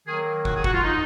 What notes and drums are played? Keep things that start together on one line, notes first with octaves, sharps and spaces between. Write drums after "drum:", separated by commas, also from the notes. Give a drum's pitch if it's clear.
D#3 F#3 A#3 G#4
F#4, drum: kick
G#4
F#4, drum: kick
F4
D#4